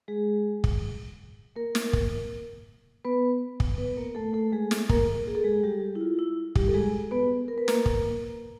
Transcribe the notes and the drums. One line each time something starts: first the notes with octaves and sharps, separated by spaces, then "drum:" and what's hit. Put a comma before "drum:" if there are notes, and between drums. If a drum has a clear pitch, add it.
G#3 G#4
drum: kick
A#3 A#4
drum: snare
drum: kick
B3 B4
drum: kick
B3 B4
A#3 A#4
A3 A4
A3 A4
G#3 G#4
drum: snare
A#3 A#4, drum: kick
G#4
A4
G#3 G#4
G3 G4
E4
F4
E4
G3 G4, drum: kick
A4
G#3 G#4
B3 B4
A#4
B4
A#3 A#4, drum: snare
drum: kick